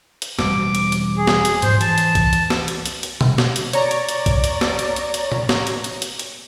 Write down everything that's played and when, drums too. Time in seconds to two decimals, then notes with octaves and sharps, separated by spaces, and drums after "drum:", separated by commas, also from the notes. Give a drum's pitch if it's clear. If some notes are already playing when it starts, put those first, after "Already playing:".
0.22 drum: hi-hat
0.39 E1 G3 C4 D6, drum: snare
0.75 drum: hi-hat
0.92 drum: hi-hat
1.17 G#4
1.27 drum: snare
1.45 drum: hi-hat
1.62 G#2 F3 C5 C6, drum: hi-hat
1.81 E3 A5, drum: hi-hat
1.98 drum: hi-hat
2.15 drum: kick, hi-hat
2.33 drum: hi-hat
2.50 drum: snare
2.68 drum: hi-hat
2.86 drum: hi-hat
3.03 drum: hi-hat
3.21 drum: tom B2
3.38 drum: snare
3.56 drum: hi-hat
3.73 C#5 D5 A#5, drum: hi-hat
3.91 drum: hi-hat
4.09 drum: hi-hat
4.26 drum: kick, hi-hat
4.44 drum: hi-hat
4.61 drum: snare
4.79 drum: hi-hat
4.96 drum: hi-hat
5.14 drum: hi-hat
5.32 drum: tom A2
5.49 drum: snare
5.67 drum: hi-hat
5.84 drum: hi-hat
6.02 drum: hi-hat
6.19 drum: hi-hat